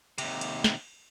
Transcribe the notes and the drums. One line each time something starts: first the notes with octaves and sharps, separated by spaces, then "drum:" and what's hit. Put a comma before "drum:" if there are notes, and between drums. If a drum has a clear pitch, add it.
D#2 C3, drum: cymbal
drum: cymbal
drum: snare